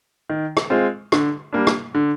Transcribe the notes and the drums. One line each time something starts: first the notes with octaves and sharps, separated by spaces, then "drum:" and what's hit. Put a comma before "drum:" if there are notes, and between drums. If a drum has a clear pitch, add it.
D#3
drum: rim click
G#3 C4 F4
D3, drum: rim click
G3 A#3 D4
drum: rim click
D3